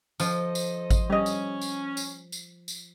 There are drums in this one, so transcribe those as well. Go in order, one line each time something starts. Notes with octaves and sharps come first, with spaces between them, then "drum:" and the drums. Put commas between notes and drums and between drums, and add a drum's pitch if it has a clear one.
F3 A4 C5 D#5, drum: tambourine
drum: tambourine
drum: kick G#1, tambourine
G3 C#4 D#5
drum: tambourine
drum: tambourine
drum: tambourine
drum: tambourine
drum: tambourine